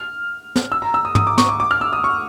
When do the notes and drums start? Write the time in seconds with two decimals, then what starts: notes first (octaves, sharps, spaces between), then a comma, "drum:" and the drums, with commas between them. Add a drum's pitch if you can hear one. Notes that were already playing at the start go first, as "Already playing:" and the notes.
Already playing: F6
0.56 drum: snare
0.72 E6
0.82 A#5
0.94 E6
1.05 D#6
1.15 D#6, drum: tom
1.27 D6
1.38 C#6, drum: snare
1.49 D6
1.60 D6
1.71 F6
1.81 E6
1.93 D#6
2.04 C#6